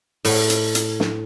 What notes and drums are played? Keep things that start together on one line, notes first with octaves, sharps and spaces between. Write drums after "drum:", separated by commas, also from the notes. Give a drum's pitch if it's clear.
A2, drum: open hi-hat
drum: hi-hat
drum: hi-hat
drum: snare